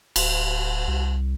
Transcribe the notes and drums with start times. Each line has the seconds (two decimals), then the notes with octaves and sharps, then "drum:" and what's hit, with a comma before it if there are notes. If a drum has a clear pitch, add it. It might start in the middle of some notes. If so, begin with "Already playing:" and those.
0.16 D1, drum: cymbal
0.88 C2